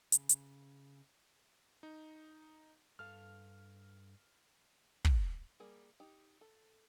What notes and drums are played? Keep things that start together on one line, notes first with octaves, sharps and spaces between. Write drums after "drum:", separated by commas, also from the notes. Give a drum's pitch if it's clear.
C#3, drum: hi-hat
drum: hi-hat
D#4
G2 A4 F5 F6
drum: kick
G3 A#3 G#4
D#4 G4
A4